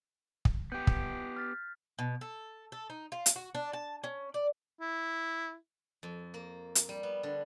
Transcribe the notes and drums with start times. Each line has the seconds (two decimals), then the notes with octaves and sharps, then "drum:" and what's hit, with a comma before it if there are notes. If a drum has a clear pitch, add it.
0.45 drum: kick
0.72 B3 G4 G6
0.87 drum: kick
1.36 F6 A6 B6
1.99 B2
2.21 A4
2.72 A4
2.90 D#4
3.12 F4
3.26 drum: hi-hat
3.36 F#4
3.55 D4
3.73 A5
4.04 C#4
4.34 D5
4.80 E4
6.03 F2
6.34 A#3
6.75 drum: hi-hat
6.89 G3
7.03 B3
7.23 D3